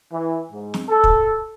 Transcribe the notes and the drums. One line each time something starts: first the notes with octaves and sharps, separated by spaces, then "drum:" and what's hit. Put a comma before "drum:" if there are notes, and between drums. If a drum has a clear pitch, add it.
E3
G#2
drum: snare
A4
drum: kick